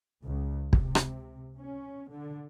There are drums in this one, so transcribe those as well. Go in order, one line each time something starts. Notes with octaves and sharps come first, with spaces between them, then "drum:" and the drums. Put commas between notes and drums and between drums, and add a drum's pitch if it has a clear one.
C#2
C3, drum: kick
drum: rim click
C#4
D3